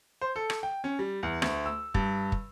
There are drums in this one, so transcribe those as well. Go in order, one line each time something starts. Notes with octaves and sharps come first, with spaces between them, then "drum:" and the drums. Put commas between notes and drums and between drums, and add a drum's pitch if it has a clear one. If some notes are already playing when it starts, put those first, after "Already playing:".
C5
A4
drum: rim click
G5
C#4
G3
E2
D2, drum: rim click
E6
G2, drum: kick
drum: kick